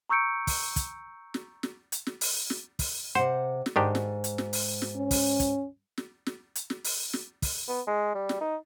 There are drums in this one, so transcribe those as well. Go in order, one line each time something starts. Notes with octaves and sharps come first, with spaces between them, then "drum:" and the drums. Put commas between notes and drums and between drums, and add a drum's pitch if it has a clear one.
A#5 C#6 E6 G6 C#7 D7
drum: kick, open hi-hat
drum: kick, hi-hat
drum: snare
drum: snare
drum: hi-hat
drum: snare
drum: open hi-hat
drum: snare
drum: kick, open hi-hat
C3 C5 F#5
drum: snare
G#2 D#3 D4 G4
drum: snare
drum: hi-hat
drum: snare
drum: open hi-hat
drum: snare
C#4
drum: kick, open hi-hat
drum: kick, hi-hat
drum: snare
drum: snare
drum: hi-hat
drum: snare
drum: open hi-hat
drum: snare
drum: kick, open hi-hat
B3
G#3
G3
drum: snare
D#4